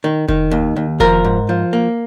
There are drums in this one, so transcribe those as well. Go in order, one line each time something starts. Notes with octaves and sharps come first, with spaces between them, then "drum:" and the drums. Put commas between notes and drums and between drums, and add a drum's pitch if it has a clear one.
D#3
D#3, drum: kick F1
D#2
D#2
F3 A#4, drum: kick F1
G#2
F3
A#3